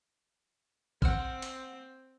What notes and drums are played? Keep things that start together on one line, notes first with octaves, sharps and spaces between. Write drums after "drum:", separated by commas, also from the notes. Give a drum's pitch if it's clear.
C4 F#5 E6 F6, drum: kick G#1
drum: hi-hat